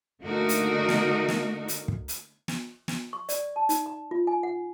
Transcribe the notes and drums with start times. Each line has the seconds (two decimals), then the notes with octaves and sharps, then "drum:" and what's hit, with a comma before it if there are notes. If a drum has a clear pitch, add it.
0.22 D3 A3 A#3 D#4 F#4 A#4
0.49 drum: hi-hat
0.89 drum: snare
1.28 drum: snare
1.68 drum: hi-hat
1.88 drum: kick
2.08 drum: hi-hat
2.48 drum: snare
2.88 drum: snare
3.13 C#6
3.29 D5, drum: hi-hat
3.56 A5
3.69 D#4, drum: hi-hat
3.86 A#5
4.11 F4
4.27 G#5
4.43 F#5